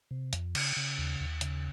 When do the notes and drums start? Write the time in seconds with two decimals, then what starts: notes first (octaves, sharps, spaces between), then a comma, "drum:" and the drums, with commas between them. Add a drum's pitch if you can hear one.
0.11 C3
0.33 F2, drum: hi-hat
0.55 C#3, drum: cymbal
0.77 C#3
0.98 D#2
1.20 D#2
1.41 C#3, drum: hi-hat